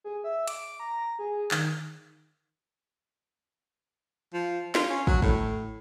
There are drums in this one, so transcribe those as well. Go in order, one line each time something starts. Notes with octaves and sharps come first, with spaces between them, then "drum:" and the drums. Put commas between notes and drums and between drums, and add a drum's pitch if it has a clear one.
G#4
E5
D6, drum: hi-hat
A#5
G#4
D#3, drum: clap
F3
F4, drum: snare
C#4
F#3, drum: kick
A2, drum: kick